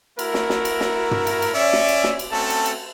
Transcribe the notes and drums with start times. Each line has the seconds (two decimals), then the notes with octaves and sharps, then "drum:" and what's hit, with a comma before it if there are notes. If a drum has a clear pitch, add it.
0.19 A3 E4 F#4 A#4, drum: cymbal
0.34 drum: snare
0.50 drum: snare
0.65 drum: cymbal
0.80 drum: snare
1.11 drum: tom
1.27 drum: cymbal
1.42 drum: cymbal
1.54 C#4 D5 E5
1.73 drum: snare
1.88 drum: cymbal
2.04 drum: snare
2.19 drum: cymbal
2.31 A3 C4 C#4 F#4 A4 A5
2.50 drum: cymbal
2.66 drum: cymbal